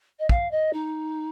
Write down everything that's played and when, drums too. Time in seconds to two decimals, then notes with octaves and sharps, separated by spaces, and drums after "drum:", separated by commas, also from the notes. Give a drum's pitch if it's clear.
0.19 D#5
0.29 F5, drum: kick
0.51 D#5
0.73 D#4